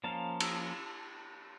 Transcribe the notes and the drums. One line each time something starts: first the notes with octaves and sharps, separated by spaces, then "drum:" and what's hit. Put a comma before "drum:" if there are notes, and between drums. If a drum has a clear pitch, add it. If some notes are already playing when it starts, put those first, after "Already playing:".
F3 A#3 C#4 F5 A5
drum: cymbal